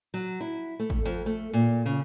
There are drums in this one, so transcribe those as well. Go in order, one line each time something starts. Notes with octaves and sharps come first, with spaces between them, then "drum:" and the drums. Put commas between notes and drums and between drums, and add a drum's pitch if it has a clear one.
F#3
E4
A3
drum: kick G#1
F2
A3
A#2
C#3